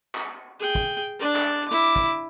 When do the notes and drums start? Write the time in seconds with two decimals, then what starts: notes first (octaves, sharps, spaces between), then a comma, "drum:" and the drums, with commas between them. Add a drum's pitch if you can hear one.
0.15 drum: clap
0.60 G#4 G5
0.75 drum: kick
1.20 D4 D5
1.35 drum: clap
1.68 E4 D6
1.96 drum: kick